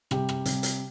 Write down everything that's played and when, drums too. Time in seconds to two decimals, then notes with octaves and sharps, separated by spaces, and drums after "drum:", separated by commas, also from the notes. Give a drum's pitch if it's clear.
0.11 C3 G3 G4, drum: rim click
0.29 drum: rim click
0.45 C3 G3, drum: hi-hat
0.63 drum: hi-hat